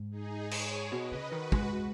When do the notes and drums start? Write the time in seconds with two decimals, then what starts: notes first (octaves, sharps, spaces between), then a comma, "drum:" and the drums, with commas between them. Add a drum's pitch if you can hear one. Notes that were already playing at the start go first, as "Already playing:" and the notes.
Already playing: G#2
0.11 D#4 G#4
0.51 G#4 C#5, drum: cymbal
0.92 B2 B4 D#5
1.12 C#3
1.32 D#3 F#4 B4
1.52 G#3, drum: kick